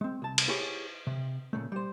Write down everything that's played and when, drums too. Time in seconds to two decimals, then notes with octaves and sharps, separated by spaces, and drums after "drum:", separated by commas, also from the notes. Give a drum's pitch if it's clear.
0.01 G#3 C4
0.22 C2 A5
0.38 drum: cymbal
0.48 E4 G4 G#4 C#5 G#5
1.07 C3
1.53 A#2 C#3 A3
1.72 G3 C5